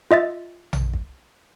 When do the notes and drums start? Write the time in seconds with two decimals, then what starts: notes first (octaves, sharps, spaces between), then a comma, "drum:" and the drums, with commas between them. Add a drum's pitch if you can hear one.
0.11 F4 D#5 E5 A6
0.73 drum: tom A#1
0.93 drum: kick